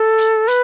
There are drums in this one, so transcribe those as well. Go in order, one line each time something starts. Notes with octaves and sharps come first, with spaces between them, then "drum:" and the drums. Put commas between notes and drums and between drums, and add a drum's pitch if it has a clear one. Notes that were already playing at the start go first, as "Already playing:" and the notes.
Already playing: A4
drum: hi-hat
B4, drum: hi-hat